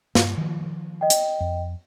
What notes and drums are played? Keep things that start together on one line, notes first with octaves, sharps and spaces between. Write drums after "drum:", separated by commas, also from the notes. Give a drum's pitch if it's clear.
G2, drum: snare
D#3 F3
D#5 G5
drum: hi-hat
F2